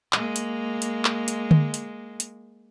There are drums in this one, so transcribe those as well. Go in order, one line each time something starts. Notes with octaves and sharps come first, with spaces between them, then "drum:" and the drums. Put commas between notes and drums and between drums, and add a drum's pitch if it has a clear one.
G#3 A#3, drum: clap
drum: hi-hat
drum: hi-hat
drum: clap
drum: hi-hat
drum: tom D3
drum: hi-hat
drum: hi-hat